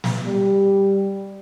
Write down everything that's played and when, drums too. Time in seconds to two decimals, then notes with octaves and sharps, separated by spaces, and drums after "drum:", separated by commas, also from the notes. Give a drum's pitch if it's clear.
0.04 drum: snare
0.24 G3